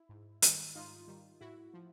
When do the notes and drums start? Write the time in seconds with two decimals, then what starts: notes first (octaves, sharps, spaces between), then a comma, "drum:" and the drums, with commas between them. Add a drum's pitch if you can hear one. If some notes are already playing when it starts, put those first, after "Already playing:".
Already playing: E4
0.09 G#2
0.42 D#3 G3, drum: hi-hat
0.75 G#2 D#4 F4
1.08 D#3 G3
1.41 A2 E4 F#4
1.74 F3